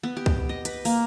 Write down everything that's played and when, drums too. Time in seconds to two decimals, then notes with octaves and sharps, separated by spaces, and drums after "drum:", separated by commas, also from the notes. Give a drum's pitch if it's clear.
0.03 B3
0.17 G4
0.26 drum: kick C#2
0.49 D#5
0.65 B4, drum: hi-hat
0.85 A#3, drum: open hi-hat